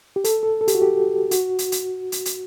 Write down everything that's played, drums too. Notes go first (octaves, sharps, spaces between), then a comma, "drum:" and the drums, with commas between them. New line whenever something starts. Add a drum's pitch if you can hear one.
G4
A4, drum: hi-hat
A4
A4
G4, drum: hi-hat
F#4
G4
F#4, drum: hi-hat
drum: hi-hat
drum: hi-hat
drum: hi-hat
drum: hi-hat